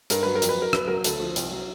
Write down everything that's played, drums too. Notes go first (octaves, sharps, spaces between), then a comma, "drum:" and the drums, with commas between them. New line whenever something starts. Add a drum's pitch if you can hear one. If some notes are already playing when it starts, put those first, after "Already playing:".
G2 A#4, drum: hi-hat
F#3 B4
A#4
F2, drum: hi-hat
B4
F#3
A#4
F#2 B4, drum: rim click
F#3 A#4
D2 A4, drum: hi-hat
F3
C2, drum: hi-hat
F#3